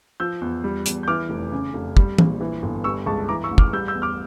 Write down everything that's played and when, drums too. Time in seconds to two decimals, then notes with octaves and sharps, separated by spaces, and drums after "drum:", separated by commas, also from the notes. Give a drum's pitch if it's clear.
0.20 F3 E6 G6
0.41 E2
0.64 G3
0.86 E2, drum: hi-hat
1.03 G6
1.08 E3 D6 F6
1.29 F1
1.52 C#3
1.74 F1
1.97 G3, drum: kick
2.18 A#1, drum: tom E3
2.41 E3
2.63 G1
2.84 G3 C#6 E6
3.06 C#2 A5 C#6
3.29 E3 A#5 D6
3.44 C#6 E6
3.51 A1
3.58 D6 F6, drum: kick
3.73 G3 E6 G6
3.88 E6 G6
3.95 E2
4.02 D6 F6